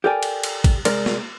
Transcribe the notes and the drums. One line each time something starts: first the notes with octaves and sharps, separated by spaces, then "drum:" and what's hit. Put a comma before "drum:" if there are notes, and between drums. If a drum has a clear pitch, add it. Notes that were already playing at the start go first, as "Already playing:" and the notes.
G4 A4 A#4 D5 G5 G#5
drum: cymbal
drum: cymbal
drum: kick A1, cymbal
C2 G#3 A#4 D5, drum: cymbal
drum: snare